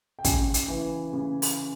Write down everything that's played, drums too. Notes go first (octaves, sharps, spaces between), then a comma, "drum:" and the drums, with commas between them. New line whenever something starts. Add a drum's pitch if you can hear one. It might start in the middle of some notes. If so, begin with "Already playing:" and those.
G5
C#3 G#5, drum: kick, hi-hat
drum: hi-hat
E3
C#3
drum: open hi-hat